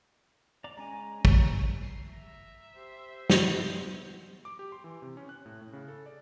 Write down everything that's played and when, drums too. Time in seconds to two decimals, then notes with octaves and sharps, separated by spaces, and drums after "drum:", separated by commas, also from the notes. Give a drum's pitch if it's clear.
0.64 D5 A#5 D6
0.77 G#3 C#4 G#5 A#5
1.25 C#5, drum: kick
1.81 C7
2.12 E5 A#5
2.76 G4 C5
3.30 G4 B4, drum: snare
3.59 B3
4.45 D6
4.59 G4
4.72 C6
4.84 E3
5.02 C3
5.17 C#4
5.29 F#6
5.46 A2
5.62 A2
5.73 C#3
5.88 A4
6.06 D5